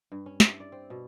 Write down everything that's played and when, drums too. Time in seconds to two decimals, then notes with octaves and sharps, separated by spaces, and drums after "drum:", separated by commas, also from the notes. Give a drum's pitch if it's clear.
0.12 G2
0.26 C#4
0.40 E4, drum: snare
0.60 D5
0.72 C4
0.90 B2